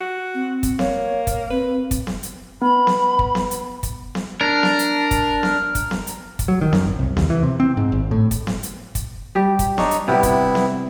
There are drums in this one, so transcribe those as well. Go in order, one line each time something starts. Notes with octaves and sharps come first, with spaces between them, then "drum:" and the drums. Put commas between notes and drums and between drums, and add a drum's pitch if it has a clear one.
F#4
C4
drum: kick, hi-hat
A#3 C#5, drum: snare B3
drum: kick, hi-hat
C4 B4
drum: kick, hi-hat
drum: snare B3
drum: hi-hat
B3 B5
drum: snare B3
drum: kick
drum: snare B3
drum: hi-hat
drum: kick, hi-hat
drum: snare B3
D4 A#4
drum: snare B3
drum: hi-hat
drum: kick, hi-hat
drum: snare B3
drum: kick, hi-hat
drum: snare B3
drum: hi-hat
drum: kick, hi-hat
F#3
D#3
F#2, drum: snare B3
G#1
C2
D#2, drum: snare B3
E3
C3
C4
G#2
G#1
A2
drum: kick, hi-hat
drum: snare B3
drum: hi-hat
drum: kick, hi-hat
G3 G4
drum: kick, hi-hat
D4 D#4 C#5, drum: snare B3
drum: hi-hat
C3 G3 B3 E4
drum: kick, hi-hat
drum: snare B3